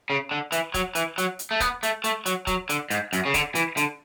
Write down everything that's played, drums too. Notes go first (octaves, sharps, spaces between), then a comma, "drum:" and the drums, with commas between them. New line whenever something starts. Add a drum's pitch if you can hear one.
C#3
D3
E3, drum: hi-hat
F#3, drum: kick, hi-hat
E3, drum: hi-hat
F#3, drum: hi-hat
drum: hi-hat
A3
B3, drum: kick, hi-hat
A3, drum: hi-hat
A3, drum: hi-hat
F#3, drum: hi-hat
F#3, drum: kick, hi-hat
D3, drum: hi-hat
G#2, drum: hi-hat
F#2, drum: hi-hat
C#3
D3, drum: kick, hi-hat
E3, drum: hi-hat
D3, drum: hi-hat